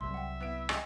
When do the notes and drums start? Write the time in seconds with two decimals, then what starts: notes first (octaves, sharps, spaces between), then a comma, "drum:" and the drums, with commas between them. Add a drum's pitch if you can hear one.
0.01 C2 F#3 E5 C6
0.14 F#5 G5
0.40 B3 E4 D7
0.69 D#5 G5 G#5, drum: rim click